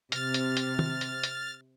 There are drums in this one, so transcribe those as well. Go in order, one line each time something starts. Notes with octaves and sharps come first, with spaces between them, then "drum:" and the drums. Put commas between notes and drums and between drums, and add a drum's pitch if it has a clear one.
C3 F6 A6, drum: hi-hat
drum: hi-hat
drum: hi-hat
drum: tom
drum: hi-hat
drum: hi-hat